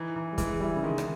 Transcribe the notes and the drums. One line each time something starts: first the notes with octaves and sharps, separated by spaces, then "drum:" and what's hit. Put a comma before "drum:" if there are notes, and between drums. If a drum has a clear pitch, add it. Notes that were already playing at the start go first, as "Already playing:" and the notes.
Already playing: E3 D#4
E3
G3
E3 G#3, drum: kick, hi-hat
G3 E4
C#3
D#3 G#3
drum: rim click